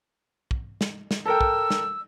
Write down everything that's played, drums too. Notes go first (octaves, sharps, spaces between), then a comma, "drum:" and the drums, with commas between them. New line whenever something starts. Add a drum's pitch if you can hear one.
drum: kick
drum: snare
drum: snare
A4 A#4 G5 E6
drum: kick
drum: snare